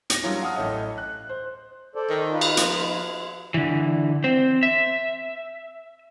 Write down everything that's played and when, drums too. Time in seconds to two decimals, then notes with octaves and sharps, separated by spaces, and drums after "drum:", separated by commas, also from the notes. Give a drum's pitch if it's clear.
0.10 A#6 C#7, drum: hi-hat
0.23 E3 F#3 G3 D4 F4 A#4
0.42 F5 F#5 A5 D#6 F6
0.56 A1 A3 C#4 D#5
0.98 F#6
1.29 C5
1.95 A4 C5 D5
2.10 D#3
2.32 D#4 F4 B4
2.41 drum: cymbal
2.57 F3, drum: hi-hat
3.54 D3 E3
4.24 C4 C5
4.63 E5